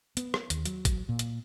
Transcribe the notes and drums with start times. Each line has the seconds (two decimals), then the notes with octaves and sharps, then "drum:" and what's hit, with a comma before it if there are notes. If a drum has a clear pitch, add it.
0.17 B3, drum: hi-hat
0.34 drum: rim click
0.50 D#2, drum: hi-hat
0.65 F#3, drum: hi-hat
0.85 drum: kick G#1, hi-hat
1.09 A#2
1.19 drum: hi-hat